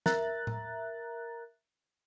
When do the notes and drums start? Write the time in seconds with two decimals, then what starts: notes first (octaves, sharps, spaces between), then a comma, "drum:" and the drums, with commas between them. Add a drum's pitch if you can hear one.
0.06 A#4 E5 A#5 F#6 A6, drum: snare
0.47 drum: tom A2